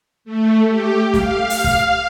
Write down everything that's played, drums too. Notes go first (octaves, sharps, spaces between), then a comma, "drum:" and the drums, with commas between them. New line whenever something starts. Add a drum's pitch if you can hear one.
A3
G4
F5, drum: snare
drum: open hi-hat
drum: kick